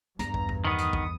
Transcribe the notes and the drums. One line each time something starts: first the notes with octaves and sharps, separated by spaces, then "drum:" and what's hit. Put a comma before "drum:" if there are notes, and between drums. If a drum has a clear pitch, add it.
E2 G2 A#5, drum: hi-hat
drum: kick
drum: kick
D#3 B3 D#6
drum: hi-hat
drum: kick